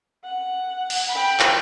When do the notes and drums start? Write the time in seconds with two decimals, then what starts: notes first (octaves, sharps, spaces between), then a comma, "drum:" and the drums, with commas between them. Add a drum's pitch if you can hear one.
0.24 F#5
0.90 drum: cymbal
1.11 G5 B5
1.40 drum: clap